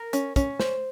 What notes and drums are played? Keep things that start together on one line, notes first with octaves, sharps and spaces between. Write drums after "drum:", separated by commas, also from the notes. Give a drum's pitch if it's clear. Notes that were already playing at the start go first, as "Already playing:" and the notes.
Already playing: A#4
C#4, drum: hi-hat
C#4, drum: kick, hi-hat
C5, drum: snare